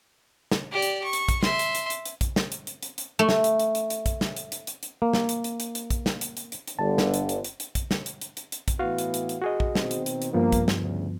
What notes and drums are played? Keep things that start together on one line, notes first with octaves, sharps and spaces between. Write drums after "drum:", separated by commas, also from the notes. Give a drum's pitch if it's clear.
drum: snare
G4 D5
drum: hi-hat
C#6
drum: hi-hat
drum: kick, hi-hat
E5 C6, drum: snare
drum: hi-hat
drum: hi-hat
drum: hi-hat
drum: hi-hat
drum: kick, hi-hat
drum: snare
drum: hi-hat
drum: hi-hat
drum: hi-hat
drum: hi-hat
A3
drum: snare
drum: hi-hat
drum: hi-hat
drum: hi-hat
drum: hi-hat
drum: kick, hi-hat
drum: snare
drum: hi-hat
drum: hi-hat
drum: hi-hat
drum: hi-hat
A#3
drum: snare
drum: hi-hat
drum: hi-hat
drum: hi-hat
drum: hi-hat
drum: kick, hi-hat
drum: snare
drum: hi-hat
drum: hi-hat
drum: hi-hat
drum: hi-hat
G1 D3 A5
drum: snare
drum: hi-hat
drum: hi-hat
drum: hi-hat
drum: hi-hat
drum: kick, hi-hat
drum: snare
drum: hi-hat
drum: hi-hat
drum: hi-hat
drum: hi-hat
drum: kick, hi-hat
A2 E3 B3 F#4 F5
drum: hi-hat
drum: hi-hat
drum: hi-hat
F#4 G#4 D#5
drum: kick
B2 D#3 C4, drum: snare
drum: hi-hat
drum: hi-hat
drum: hi-hat
G2 F3 A#3 B3
drum: kick, hi-hat
drum: snare
D2 C#3